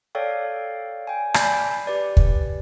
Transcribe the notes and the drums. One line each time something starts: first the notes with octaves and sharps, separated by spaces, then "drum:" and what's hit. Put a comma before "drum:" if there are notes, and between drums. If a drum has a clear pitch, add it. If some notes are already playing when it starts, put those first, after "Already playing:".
A4 C#5 D5 F5 G5
G5 G#5
D5 G#5 B5 G6 C7, drum: rim click
G4 B4 D5
drum: kick